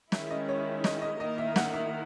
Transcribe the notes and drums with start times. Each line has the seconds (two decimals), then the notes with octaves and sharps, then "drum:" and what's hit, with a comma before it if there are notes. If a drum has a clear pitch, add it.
0.12 D#3 G#3 C#4 E4 E5, drum: snare
0.30 D#5
0.48 C#5
0.84 D#5, drum: snare
1.02 D#5
1.19 D#3 A#3 E4 A#4 D#5
1.38 E5
1.56 F#5, drum: snare
1.74 E5